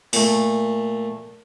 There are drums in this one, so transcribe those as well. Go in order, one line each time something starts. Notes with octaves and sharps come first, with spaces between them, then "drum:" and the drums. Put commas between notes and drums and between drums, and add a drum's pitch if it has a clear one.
A#2 A3, drum: open hi-hat